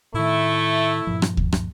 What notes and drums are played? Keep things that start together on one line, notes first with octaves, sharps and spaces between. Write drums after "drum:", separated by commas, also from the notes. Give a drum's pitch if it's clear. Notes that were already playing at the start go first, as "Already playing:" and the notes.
A2 D#3 A3 E4
G2 A#2 F3
drum: rim click
drum: kick D2
drum: rim click